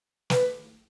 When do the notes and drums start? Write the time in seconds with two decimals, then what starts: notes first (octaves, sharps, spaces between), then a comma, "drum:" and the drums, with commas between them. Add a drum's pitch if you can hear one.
0.30 B4, drum: snare